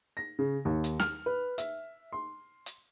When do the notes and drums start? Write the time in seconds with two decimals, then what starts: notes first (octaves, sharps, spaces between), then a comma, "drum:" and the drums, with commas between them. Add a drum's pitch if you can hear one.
0.17 A#6
0.39 C#3
0.65 D#2
0.84 drum: hi-hat
1.00 F6, drum: snare
1.26 B4
1.58 E5, drum: hi-hat
2.12 C6
2.66 drum: hi-hat